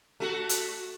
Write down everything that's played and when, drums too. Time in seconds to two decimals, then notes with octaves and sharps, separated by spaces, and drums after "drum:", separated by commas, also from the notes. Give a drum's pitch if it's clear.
0.20 A3 F#4
0.49 drum: hi-hat